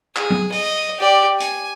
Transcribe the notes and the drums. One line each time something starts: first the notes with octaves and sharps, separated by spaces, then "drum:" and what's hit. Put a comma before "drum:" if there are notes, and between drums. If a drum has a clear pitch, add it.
G#4, drum: clap
drum: tom
D#5, drum: open hi-hat
G4 D5
G#5, drum: hi-hat